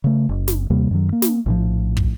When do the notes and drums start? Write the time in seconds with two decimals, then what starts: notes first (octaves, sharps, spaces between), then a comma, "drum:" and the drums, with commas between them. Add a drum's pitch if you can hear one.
0.04 C#3 A3
0.29 F#1
0.48 drum: snare
0.70 D#2 C3 G3 A#3
0.91 F#2 D#3 F#3
1.12 A#3
1.22 drum: snare
1.46 A#1 A2 E3 F3
1.97 drum: kick